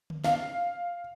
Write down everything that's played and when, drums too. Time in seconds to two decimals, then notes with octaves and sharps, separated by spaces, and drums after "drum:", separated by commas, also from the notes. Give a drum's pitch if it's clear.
0.10 drum: tom D3
0.24 F5, drum: snare